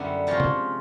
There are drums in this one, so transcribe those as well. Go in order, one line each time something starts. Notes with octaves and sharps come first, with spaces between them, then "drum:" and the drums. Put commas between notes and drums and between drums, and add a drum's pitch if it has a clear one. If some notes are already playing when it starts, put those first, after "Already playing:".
Already playing: F#2 D3 G3 B3 E4
C3 F3 G#3 C#4 F4
drum: tom